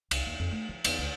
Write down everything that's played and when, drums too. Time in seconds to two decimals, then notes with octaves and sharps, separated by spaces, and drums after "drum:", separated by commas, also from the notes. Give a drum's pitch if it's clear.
0.11 C2, drum: cymbal
0.27 D#2
0.40 F2
0.51 A3
0.69 F3
0.84 E2, drum: cymbal
0.98 D2